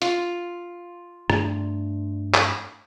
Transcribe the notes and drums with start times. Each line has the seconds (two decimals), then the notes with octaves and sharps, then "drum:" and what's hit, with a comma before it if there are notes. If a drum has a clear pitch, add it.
0.02 F4, drum: hi-hat
1.30 G2 A3 D4, drum: rim click
2.34 drum: clap